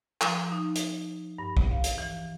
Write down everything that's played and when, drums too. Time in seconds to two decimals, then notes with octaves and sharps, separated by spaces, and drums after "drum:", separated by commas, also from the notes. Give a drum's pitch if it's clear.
0.21 F3, drum: clap
0.52 D#4
0.75 drum: hi-hat
1.38 G2
1.57 drum: kick
1.71 F5
1.84 drum: hi-hat
1.98 E3